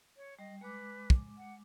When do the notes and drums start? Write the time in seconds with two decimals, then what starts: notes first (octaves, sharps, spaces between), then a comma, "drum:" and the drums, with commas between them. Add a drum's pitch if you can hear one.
0.17 C#5
0.39 G3 D#5
0.61 G#3 B4 D6
1.10 drum: kick
1.37 F#5